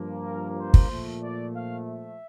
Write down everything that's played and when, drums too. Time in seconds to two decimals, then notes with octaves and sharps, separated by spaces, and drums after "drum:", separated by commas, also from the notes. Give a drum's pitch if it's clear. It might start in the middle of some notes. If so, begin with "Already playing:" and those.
Already playing: G2 F3 A#3
0.25 A#4
0.58 C5
0.74 drum: kick
0.89 A#2 F3 A3
1.22 D5
1.54 F5
1.86 E5